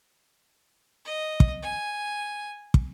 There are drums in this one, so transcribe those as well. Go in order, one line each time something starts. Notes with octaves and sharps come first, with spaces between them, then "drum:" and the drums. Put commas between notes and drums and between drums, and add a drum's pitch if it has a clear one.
D#5
drum: kick
G#5
drum: kick